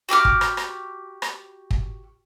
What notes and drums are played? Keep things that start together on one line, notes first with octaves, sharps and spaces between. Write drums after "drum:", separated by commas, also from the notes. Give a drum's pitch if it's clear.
F#4 G4 D6 F6
drum: kick
drum: rim click
drum: rim click
drum: rim click
drum: kick